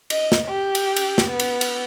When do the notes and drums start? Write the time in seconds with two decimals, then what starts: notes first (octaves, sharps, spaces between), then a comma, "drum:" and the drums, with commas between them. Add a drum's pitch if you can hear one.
0.10 D#5, drum: cymbal
0.32 drum: snare
0.47 G4
0.75 drum: cymbal
0.96 drum: cymbal
1.18 drum: snare
1.30 B3
1.40 drum: cymbal
1.61 drum: cymbal